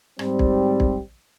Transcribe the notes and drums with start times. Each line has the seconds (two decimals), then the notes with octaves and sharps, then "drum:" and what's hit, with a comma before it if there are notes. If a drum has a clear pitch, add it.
0.19 G#2 G3 C4, drum: rim click
0.39 drum: kick
0.80 drum: kick